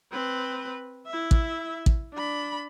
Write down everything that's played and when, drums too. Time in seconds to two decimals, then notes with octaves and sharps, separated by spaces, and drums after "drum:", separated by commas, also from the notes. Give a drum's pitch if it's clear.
0.12 C4 B4
1.07 E4 E5
1.31 drum: kick
1.86 drum: kick
2.14 D4 B5